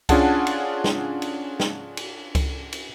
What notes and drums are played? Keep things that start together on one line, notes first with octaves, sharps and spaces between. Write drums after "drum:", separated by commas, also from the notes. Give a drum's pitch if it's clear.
C#4 D4 F4 G#4 F#5 A5, drum: kick C#2, cymbal
drum: cymbal
drum: snare
drum: cymbal
drum: snare
drum: cymbal
drum: kick C#2, cymbal
drum: cymbal